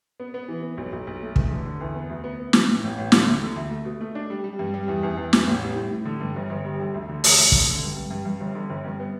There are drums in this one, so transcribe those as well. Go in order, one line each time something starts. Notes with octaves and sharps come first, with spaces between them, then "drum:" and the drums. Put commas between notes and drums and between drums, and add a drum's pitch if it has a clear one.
B3
B3
E3
B3
B1
B1
B1
A3
E2, drum: kick
D3
D3
E2
B3
D2
B3
B3
E3, drum: snare
A2
A1
A1
D3, drum: snare
D2
D3
D2
A3
B2
A3
D4
G3
G3
G2
G3
E2
E2
E2
E2, drum: snare
A1
G3
A2
A2
D3
G2
G1
G1
G3
D3
D2
D3
D2, drum: open hi-hat
D2
D3, drum: kick
D3
G2
G2
G2
G2
G1
D3
G1
G2
B3